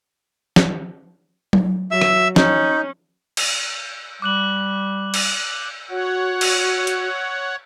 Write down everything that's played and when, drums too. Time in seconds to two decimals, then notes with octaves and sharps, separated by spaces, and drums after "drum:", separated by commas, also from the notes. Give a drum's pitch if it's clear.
0.56 drum: snare
1.53 drum: tom F#3
1.91 F#3 E5 E6
2.01 drum: rim click
2.36 C#4 D#4, drum: snare
3.37 drum: cymbal
4.22 G3 D6 F#6 F#7
5.14 drum: cymbal
5.90 F#4 C#5 F#5
6.41 drum: cymbal
6.87 drum: hi-hat